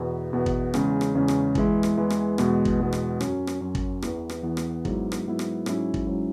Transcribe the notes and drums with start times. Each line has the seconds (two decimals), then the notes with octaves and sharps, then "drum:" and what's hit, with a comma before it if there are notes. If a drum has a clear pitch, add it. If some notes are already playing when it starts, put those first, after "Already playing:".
Already playing: E2 B2 B3 E4
0.33 E2 B2 B3 E4
0.46 drum: kick
0.74 E2 C#3 G#3 C#4, drum: rim click
1.01 drum: rim click
1.15 E2 C#3 G#3 C#4
1.28 drum: rim click
1.55 E2 E3 G#3 E4, drum: kick
1.83 drum: rim click
1.97 E2 E3 G#3 E4
2.10 drum: rim click
2.38 E2 B2 G#3 B3, drum: rim click
2.65 drum: kick
2.79 E2 B2 G#3 B3
2.93 drum: rim click
3.21 F#2 F#3 C#4, drum: rim click
3.47 drum: rim click
3.60 F#2 F#3 C#4
3.75 drum: kick
4.02 E2 E3 B3, drum: rim click
4.29 drum: rim click
4.43 E2 E3 B3
4.57 drum: rim click
4.85 G#2 F#3 B3 E4, drum: kick
5.12 drum: rim click
5.26 G#2 F#3 B3 E4
5.39 drum: rim click
5.66 G#2 F#3 C#4 E4, drum: rim click
5.94 drum: kick
6.07 G#2 F#3 C#4 E4